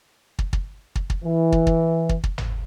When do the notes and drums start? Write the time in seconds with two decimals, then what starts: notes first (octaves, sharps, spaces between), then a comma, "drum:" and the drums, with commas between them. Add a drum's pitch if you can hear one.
0.39 drum: kick
0.53 drum: kick
0.96 drum: kick
1.10 drum: kick
1.24 E3
1.52 drum: kick
1.67 drum: kick
2.09 drum: kick
2.24 drum: kick
2.38 drum: tom